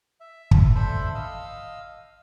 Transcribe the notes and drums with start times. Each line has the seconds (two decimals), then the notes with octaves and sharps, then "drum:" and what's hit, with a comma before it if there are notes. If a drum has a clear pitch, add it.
0.20 E5
0.51 drum: kick
0.75 D4 A4 C5 E5 B5
1.15 D#5 F5 E6